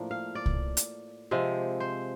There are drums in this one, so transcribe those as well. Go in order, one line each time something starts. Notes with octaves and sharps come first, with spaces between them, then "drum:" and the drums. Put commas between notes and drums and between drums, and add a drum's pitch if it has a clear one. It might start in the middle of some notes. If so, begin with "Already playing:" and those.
Already playing: A2 F3 A#3 D4
F5
D5
drum: kick C2
drum: hi-hat
C3 F3 G#3
C5